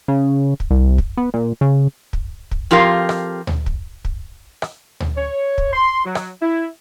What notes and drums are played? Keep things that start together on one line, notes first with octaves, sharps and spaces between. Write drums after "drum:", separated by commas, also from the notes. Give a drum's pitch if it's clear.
C#3
drum: kick
C2
drum: kick
B3
A#2
C#3
drum: kick
drum: kick
F2 F4 G4 A#4 F5
drum: rim click
drum: tom D2
drum: kick
drum: kick
drum: rim click
drum: tom D2
C#5
drum: kick
C6
F#3
drum: rim click
E4